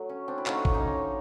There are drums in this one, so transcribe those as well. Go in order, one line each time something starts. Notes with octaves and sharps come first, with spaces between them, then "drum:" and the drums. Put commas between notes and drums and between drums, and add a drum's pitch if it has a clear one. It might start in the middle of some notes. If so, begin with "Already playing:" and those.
Already playing: D3 F#3 A3
C#4
C4 D4
E4
D3 F3 A3 C#4 D#4, drum: clap
drum: kick
C#4 D#4